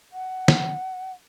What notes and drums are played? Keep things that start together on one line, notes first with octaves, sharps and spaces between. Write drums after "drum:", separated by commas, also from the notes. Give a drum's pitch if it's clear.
F#5
drum: snare